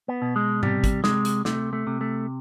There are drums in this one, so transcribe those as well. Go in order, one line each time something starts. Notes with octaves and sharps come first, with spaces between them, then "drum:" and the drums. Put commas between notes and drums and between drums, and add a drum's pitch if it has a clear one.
B3
B2
G#3
C3 G3, drum: tom G#2
drum: kick, hi-hat
C3 G#3, drum: snare
drum: hi-hat
C3 A3, drum: snare
A3
C3
A3